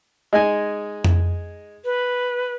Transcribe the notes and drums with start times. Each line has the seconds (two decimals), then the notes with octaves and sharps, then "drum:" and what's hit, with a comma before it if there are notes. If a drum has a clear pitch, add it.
0.33 G#3 D#4 G#5
1.04 drum: tom F2
1.85 B4